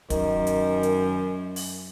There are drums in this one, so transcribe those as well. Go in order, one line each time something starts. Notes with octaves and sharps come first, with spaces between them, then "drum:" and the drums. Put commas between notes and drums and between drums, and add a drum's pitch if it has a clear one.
F#2 D#3, drum: kick, hi-hat
drum: hi-hat
drum: hi-hat
drum: open hi-hat